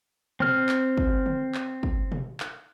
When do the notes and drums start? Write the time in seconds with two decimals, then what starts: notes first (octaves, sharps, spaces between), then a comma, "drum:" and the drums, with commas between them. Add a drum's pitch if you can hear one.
0.40 C4 F6, drum: tom B2
0.69 drum: clap
0.97 drum: kick
1.26 drum: tom D3
1.55 drum: clap
1.83 drum: kick
2.12 drum: tom B2
2.40 drum: clap